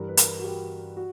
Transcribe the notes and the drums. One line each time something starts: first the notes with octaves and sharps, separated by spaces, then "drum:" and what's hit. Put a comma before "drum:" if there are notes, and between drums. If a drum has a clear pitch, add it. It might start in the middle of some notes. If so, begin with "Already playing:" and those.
Already playing: G2 E3 A#4
B4
A#4, drum: hi-hat
F#4
G4
F#4